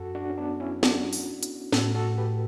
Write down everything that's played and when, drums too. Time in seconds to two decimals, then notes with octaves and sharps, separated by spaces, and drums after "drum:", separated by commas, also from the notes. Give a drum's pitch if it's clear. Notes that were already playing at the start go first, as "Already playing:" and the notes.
Already playing: F#2 F#4 A4
0.15 D4 F#4
0.30 C#4
0.38 B3 D4
0.60 C#4 E4
0.83 D4 F#4, drum: snare
1.13 drum: open hi-hat
1.43 drum: hi-hat
1.72 A2 F#4 A4, drum: snare
1.95 F#4 A4
2.17 G4 B4